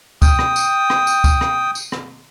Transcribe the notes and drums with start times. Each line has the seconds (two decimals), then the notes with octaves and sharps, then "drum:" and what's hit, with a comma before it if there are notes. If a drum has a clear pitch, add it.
0.22 G5 D#6, drum: kick, tambourine
0.39 drum: rim click
0.56 drum: tambourine
0.90 drum: rim click
1.07 drum: tambourine
1.24 drum: kick, tambourine
1.41 drum: rim click
1.75 drum: tambourine
1.92 drum: rim click